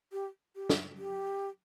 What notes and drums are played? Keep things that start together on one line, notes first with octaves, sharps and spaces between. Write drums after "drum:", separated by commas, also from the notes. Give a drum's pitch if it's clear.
G4
G4
drum: snare
G4